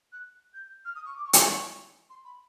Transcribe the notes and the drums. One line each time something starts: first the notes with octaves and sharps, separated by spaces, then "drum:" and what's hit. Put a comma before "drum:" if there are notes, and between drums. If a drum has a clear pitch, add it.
F#6
G6
F6
D#6
C#6
D6
C#6
C6, drum: hi-hat
C#6
C6
B5